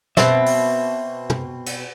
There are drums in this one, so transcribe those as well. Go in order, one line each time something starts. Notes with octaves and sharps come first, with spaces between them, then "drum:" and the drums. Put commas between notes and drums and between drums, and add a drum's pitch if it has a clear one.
B2 C4 E5, drum: snare
drum: open hi-hat
drum: tom
drum: cymbal